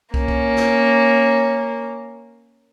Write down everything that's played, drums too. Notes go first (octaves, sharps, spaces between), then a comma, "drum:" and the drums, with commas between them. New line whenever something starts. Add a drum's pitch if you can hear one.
A#3 C#4, drum: kick
drum: kick
drum: snare